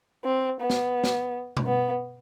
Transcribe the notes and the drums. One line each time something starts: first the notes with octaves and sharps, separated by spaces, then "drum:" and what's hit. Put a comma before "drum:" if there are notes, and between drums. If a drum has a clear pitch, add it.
C4
B3
drum: snare
drum: snare
drum: tom
B3